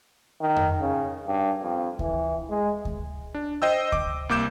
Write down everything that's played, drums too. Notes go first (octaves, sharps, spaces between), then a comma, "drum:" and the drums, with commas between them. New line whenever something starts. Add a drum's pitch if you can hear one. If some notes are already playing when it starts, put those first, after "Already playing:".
D#3
drum: tom F2
C#3
G2
F2
E3, drum: kick D2
G#3
drum: kick D2
D4
C5 D#5 G5 E6
D6, drum: kick D2
C2 A#3 D6 G6 E7